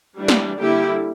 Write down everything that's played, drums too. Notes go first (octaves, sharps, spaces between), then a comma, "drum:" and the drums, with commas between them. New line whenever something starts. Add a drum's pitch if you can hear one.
E3 G3 D4
drum: snare
D3 G3 A#3 E4 G4